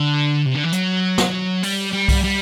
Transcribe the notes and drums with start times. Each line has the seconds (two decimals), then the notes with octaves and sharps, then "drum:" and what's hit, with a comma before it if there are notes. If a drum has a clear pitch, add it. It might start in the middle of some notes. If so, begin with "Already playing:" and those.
Already playing: D3
0.46 C3
0.55 D3
0.63 E3
0.72 F#3, drum: hi-hat
1.18 drum: snare
1.63 G3, drum: open hi-hat
1.93 G3
2.08 drum: kick C2, open hi-hat
2.24 G3